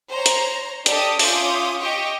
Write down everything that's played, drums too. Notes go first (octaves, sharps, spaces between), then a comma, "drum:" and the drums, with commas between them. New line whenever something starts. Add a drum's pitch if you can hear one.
C5 C#5 A#5
drum: hi-hat
D4 G4 A4 D#5 A5 D#6, drum: hi-hat
C#4 F4 E5 D6 D#6 G6, drum: open hi-hat
G4 D#5 G5 C#6